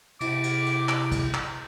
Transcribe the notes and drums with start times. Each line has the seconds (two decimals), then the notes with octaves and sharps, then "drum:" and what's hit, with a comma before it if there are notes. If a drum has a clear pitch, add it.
0.21 C3 E4 D6, drum: cymbal
0.43 drum: cymbal
0.66 drum: cymbal
0.89 drum: clap
1.12 drum: kick, cymbal
1.34 drum: clap